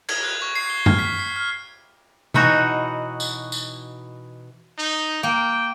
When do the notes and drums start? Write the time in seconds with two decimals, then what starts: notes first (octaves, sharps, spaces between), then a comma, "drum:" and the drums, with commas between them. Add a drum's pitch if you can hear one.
0.09 G#6, drum: cymbal
0.23 F#6
0.42 C#6
0.55 C7
0.70 G7
0.86 F6, drum: tom F#2
0.99 B6
1.19 C7
1.36 F6
2.34 B2 E3 D#4 F#4 C#5, drum: tom C3
3.20 drum: tambourine
3.52 drum: tambourine
4.78 D#4
5.23 A#3 G5